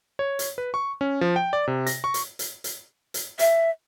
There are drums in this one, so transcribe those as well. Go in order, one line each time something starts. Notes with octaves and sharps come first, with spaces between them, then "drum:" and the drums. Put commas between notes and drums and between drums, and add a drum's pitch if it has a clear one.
C#5
drum: hi-hat
B4
C#6
C#4
F3
G5
D5
C3
A#6, drum: hi-hat
C#6
drum: hi-hat
drum: hi-hat
drum: hi-hat
drum: hi-hat
E5, drum: hi-hat